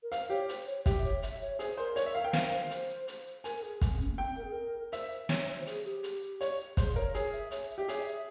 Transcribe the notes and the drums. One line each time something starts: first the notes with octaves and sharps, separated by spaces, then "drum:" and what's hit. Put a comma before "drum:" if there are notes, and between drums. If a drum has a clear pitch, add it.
A#4
C5 F5, drum: hi-hat
G4 C#5
C5, drum: hi-hat
C#5
G4 E5, drum: kick, hi-hat
C#5
E5, drum: hi-hat
C#5
G#4 C5, drum: hi-hat
A#4 C5
C#5, drum: hi-hat
E5
F5
A#4 G5
C5 F5, drum: snare
C5
C5
drum: hi-hat
drum: hi-hat
A#4 G#5, drum: hi-hat
A#4
G#4
drum: kick, hi-hat
C4
C#4
A#3
C4 G5
A#4
G#4
A#4
C5 E5, drum: hi-hat
C#5, drum: snare
C5
G#4, drum: hi-hat
G4
drum: hi-hat
C#5, drum: hi-hat
G#4 C5, drum: kick, hi-hat
A#4 C#5
G#4 C#5, drum: hi-hat
E5
C#5, drum: hi-hat
E5
G4
G#4 C#5, drum: hi-hat
E5
E5